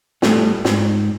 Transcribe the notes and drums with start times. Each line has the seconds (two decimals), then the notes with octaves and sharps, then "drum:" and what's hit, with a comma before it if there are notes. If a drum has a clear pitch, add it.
0.22 A2 G3 A3 B3 A4 G#5, drum: snare
0.65 G#2, drum: snare